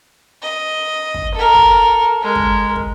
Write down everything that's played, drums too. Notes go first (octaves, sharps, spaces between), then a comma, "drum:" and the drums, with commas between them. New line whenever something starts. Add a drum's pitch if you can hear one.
D#5
drum: kick
A4 A#4
drum: kick
G#3 A#4
drum: kick
drum: kick